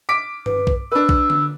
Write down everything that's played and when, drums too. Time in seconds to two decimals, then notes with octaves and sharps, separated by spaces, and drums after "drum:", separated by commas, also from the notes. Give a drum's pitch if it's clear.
0.09 D6 B6 D7
0.46 B4, drum: tom G2
0.67 drum: kick B1
0.92 D4 B4 E6
1.09 drum: kick B1
1.30 drum: tom D3